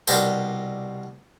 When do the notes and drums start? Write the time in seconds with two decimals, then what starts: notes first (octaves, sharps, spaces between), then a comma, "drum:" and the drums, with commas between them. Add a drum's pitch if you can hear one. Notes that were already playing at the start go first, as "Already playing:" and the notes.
0.07 C2 B2 D4 G4 A#4 C5, drum: tambourine